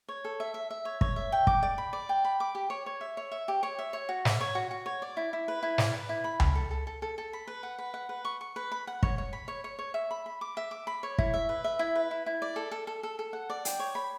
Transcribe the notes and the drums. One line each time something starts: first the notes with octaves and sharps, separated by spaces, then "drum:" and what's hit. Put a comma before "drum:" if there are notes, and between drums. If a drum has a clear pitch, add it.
C#5
A4
E5
E5
E5
C#5
C#5, drum: kick
E5
G5
D6, drum: kick
D5
B5
D5
G5
B5
D6
G4
C#5
C#5
E5
C#5
E5
G4
C#5
E5
C#5
F#4
E5, drum: snare
C#5
F#4
F#4
C#5
D5
E4
E4
B4
E4
D5, drum: snare
B4
E4
B5
B5, drum: tom C#2
A4
A4
A4
A4
A4
B5
B4
F#5
B4
F#5
B4
C#6
C#6
B4
B5
F#5
C#5, drum: kick
C#5
B5
C#5
C#5
C#5
E5
B5
B5
D6
E5
D6
B5
C#5
E4, drum: kick
E5
B4
E5
E4
B4
E4
E4
D5
A4
A4
A4
A4
A4
F#5
D5
G5, drum: hi-hat
C#5
B5